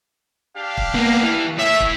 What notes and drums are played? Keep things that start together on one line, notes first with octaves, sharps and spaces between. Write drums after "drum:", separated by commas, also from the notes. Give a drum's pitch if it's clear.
D4 G4 F5
drum: kick
A#3 B3
E3
E4 C#5 E5
drum: kick